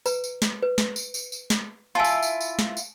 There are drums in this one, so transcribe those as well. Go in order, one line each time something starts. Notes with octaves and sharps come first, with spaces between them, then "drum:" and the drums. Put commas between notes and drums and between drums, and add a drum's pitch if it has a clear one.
B4 A#5, drum: tambourine
drum: tambourine
drum: snare
B4
drum: snare
drum: tambourine
drum: tambourine
drum: tambourine
drum: snare
E4 F4 G#5 A5 C6
drum: tambourine
drum: tambourine
drum: tambourine
drum: snare
drum: tambourine